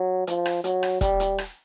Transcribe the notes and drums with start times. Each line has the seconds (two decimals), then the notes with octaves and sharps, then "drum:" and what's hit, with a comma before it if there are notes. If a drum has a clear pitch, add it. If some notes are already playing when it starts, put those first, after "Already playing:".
Already playing: F#3
0.27 F3, drum: hi-hat
0.46 drum: rim click
0.64 F#3, drum: hi-hat
0.83 drum: rim click
1.01 G3, drum: kick, hi-hat
1.20 drum: hi-hat
1.38 drum: rim click